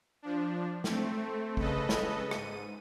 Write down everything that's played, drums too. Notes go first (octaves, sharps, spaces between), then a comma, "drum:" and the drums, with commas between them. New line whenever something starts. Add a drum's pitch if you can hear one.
F3 D4
A3 C4, drum: snare
C#3 A4 B4 D#5, drum: kick
drum: snare
G#2 D#7, drum: rim click